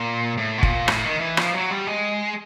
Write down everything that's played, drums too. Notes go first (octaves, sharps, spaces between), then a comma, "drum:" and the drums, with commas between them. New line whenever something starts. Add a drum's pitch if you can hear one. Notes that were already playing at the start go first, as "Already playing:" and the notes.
Already playing: A#2
A2
B2
A#2, drum: kick
A2, drum: rim click
D#3
E3
F3, drum: rim click
F#3
G3
G#3